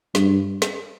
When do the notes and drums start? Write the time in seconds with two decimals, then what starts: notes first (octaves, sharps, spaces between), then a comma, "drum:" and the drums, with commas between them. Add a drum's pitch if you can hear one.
0.15 G2, drum: snare
0.62 drum: snare